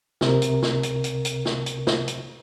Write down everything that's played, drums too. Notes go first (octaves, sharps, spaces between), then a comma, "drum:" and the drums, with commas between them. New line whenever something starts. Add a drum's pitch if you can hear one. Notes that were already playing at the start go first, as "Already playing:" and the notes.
C#2 C3 A#4, drum: snare
drum: hi-hat
drum: snare
drum: hi-hat
drum: hi-hat
drum: hi-hat
drum: snare
drum: hi-hat
drum: snare
drum: hi-hat